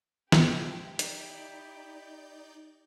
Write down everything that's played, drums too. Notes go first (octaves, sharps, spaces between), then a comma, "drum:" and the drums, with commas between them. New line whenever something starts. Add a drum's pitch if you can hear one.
F3 G#3 E4 G4, drum: snare
D#4 D5 G6, drum: hi-hat